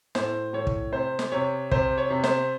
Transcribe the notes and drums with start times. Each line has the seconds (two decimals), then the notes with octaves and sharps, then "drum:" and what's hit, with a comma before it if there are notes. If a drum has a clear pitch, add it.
0.15 A2 C5, drum: snare
0.53 A2 C#5
0.67 drum: kick
0.92 C3 C5
1.19 drum: snare
1.32 C3 C#5
1.71 C3 C5, drum: kick
1.98 C#5
2.10 C3
2.24 C5, drum: snare